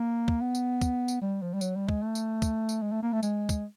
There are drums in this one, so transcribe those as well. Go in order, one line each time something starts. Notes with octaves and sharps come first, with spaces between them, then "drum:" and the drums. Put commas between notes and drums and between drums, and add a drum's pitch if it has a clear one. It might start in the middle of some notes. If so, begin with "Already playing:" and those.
Already playing: A#3
drum: kick
B3
drum: tambourine
drum: kick, tambourine
drum: tambourine
G3
F3
G3
F#3, drum: tambourine
G3
G#3, drum: kick
A3
drum: tambourine
drum: kick, tambourine
drum: tambourine
G#3
A3
A#3
A3
G#3, drum: tambourine
drum: kick, tambourine